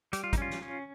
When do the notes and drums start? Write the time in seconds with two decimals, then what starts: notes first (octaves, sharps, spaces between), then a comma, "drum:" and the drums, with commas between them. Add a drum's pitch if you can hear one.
0.13 G3 G4, drum: hi-hat
0.24 F4
0.33 D#4, drum: kick, hi-hat
0.37 C#4 F4
0.50 drum: snare
0.62 C#4